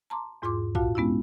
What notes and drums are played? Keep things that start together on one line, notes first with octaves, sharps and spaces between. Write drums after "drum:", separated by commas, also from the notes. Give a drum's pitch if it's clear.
A5 A#5 C6 D6
E2 G#2 F4 G#4 C6 D6
D2 A#2 F4 F#4 F5 A5, drum: kick B1
G#3 B3 C#4 D4 E4